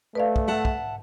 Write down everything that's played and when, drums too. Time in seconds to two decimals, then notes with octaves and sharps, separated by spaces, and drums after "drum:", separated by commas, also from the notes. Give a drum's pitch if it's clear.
0.15 A3 B4 D5 F5
0.36 drum: kick
0.48 E5 F#5 A5
0.65 drum: kick